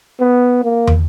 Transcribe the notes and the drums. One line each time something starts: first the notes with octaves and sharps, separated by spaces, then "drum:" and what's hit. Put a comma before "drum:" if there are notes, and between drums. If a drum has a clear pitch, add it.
B3
A#3
drum: tom